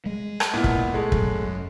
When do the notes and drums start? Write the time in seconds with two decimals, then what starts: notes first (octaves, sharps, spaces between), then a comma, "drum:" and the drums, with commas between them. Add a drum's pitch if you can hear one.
0.06 G#3
0.40 drum: rim click
0.53 A#2 B3 E4
0.64 drum: kick
0.94 G#3 A3
1.12 F#2, drum: kick